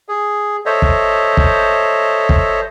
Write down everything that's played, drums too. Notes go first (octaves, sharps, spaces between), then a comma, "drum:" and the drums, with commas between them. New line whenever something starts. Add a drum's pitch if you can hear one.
G#4
A4 C5 C#5 D#5 E5
drum: kick
drum: kick
drum: kick